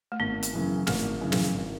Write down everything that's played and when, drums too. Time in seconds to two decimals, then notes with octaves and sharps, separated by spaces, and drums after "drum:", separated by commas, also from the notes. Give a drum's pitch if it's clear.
0.12 A3
0.20 G#1 B3
0.43 drum: hi-hat
0.53 F#2 C#3 E3
0.87 G#1 A3, drum: snare
1.21 F#2 C#3 E3
1.32 drum: snare
1.54 G#1